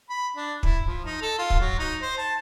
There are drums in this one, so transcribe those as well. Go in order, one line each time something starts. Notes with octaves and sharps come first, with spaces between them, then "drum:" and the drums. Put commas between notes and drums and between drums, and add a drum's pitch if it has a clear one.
B5
D4
E4, drum: kick
F3
D#4
A4
F4
drum: kick
F#3
D#4
C5
A5